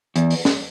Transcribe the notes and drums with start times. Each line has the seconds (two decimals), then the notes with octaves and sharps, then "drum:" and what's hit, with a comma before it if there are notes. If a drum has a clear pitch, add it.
0.16 E2, drum: hi-hat
0.30 drum: open hi-hat
0.45 drum: snare